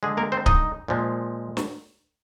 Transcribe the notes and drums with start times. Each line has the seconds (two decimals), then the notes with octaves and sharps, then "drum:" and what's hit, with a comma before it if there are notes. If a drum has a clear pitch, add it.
0.03 D3 G#3 G#4
0.17 A#3 A#4
0.32 C4 C5
0.46 D#4 D#5, drum: kick D1
0.88 A#2 F3 G#3
1.57 drum: snare